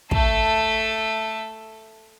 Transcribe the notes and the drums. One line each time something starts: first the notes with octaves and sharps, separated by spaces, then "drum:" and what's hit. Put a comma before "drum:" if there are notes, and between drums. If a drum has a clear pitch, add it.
A3 A4, drum: kick